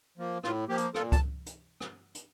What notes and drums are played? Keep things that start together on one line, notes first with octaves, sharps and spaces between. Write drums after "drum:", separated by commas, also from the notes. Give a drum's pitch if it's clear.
F3 A#3
A2 F4, drum: rim click
F3 A#3 G4
drum: hi-hat
A#2 F4 A4, drum: rim click
A5, drum: kick C#2, hi-hat
drum: hi-hat
drum: rim click
drum: hi-hat